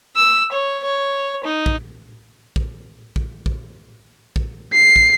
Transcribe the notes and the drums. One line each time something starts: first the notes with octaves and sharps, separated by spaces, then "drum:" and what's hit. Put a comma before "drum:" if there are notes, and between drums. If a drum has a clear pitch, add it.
E6
C#5
C#5
D#4
drum: kick
drum: kick
drum: kick
drum: kick
drum: kick
C7
drum: kick